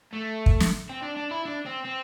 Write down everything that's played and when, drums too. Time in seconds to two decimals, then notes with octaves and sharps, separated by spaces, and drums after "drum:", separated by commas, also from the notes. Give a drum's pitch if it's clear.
0.13 A3
0.46 drum: kick
0.60 drum: snare
0.90 C4
1.03 D4
1.17 D4
1.31 E4
1.45 D4
1.66 C4
1.84 C4